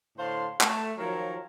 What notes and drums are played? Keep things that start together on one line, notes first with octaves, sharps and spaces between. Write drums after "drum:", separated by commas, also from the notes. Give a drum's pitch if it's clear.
A2 D3 C5 F5 A5 C6
A3, drum: clap
D#3 F3 F#3 F4 A#4 C#5